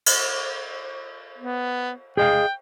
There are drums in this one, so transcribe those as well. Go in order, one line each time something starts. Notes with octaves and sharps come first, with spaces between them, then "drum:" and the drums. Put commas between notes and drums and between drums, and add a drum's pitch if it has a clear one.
drum: cymbal
B3
G#4 D#5 F5 G5